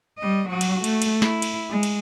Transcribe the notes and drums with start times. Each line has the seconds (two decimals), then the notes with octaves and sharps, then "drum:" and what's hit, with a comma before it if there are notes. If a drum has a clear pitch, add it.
0.18 G3 D#5
0.49 F#3 F#4
0.61 drum: cymbal
0.84 A3, drum: cymbal
1.02 drum: cymbal
1.22 E4, drum: snare
1.42 drum: cymbal
1.70 G#3
1.83 drum: cymbal